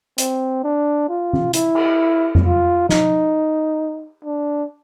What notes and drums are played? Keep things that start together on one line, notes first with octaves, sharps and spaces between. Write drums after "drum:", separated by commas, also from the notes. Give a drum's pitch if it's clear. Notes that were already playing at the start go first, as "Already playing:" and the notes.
C4, drum: hi-hat
D4
F4
drum: tom E3
E4, drum: hi-hat
drum: cymbal
drum: tom F2
F4
D#4, drum: snare
D4